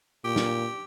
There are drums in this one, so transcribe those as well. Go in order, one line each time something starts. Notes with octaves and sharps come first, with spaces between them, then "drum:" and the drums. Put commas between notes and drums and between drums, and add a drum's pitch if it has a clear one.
A#2 G4
drum: snare